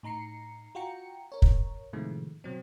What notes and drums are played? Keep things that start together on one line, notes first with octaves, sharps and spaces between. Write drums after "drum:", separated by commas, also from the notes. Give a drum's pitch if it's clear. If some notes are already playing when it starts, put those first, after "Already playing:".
A2 D#4 A#5 C7 C#7
F4 F#4 G5 A#5 C#7
A#4 C#5
drum: kick
A2 C3 D#3 F3 G#3 A3
B2 F#3 C4